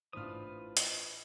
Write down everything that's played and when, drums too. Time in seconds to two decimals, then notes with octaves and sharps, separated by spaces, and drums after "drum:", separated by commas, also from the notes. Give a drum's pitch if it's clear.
0.13 A1 E3 D4 F4 B4 C5 D#6 F6
0.77 drum: hi-hat